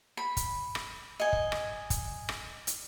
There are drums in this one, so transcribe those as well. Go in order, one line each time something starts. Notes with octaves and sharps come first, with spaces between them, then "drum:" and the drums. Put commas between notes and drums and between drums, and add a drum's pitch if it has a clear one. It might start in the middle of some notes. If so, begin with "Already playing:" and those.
B5
drum: kick, hi-hat
drum: rim click
D#5 G#5
drum: kick
drum: rim click
drum: kick, hi-hat
drum: rim click
drum: hi-hat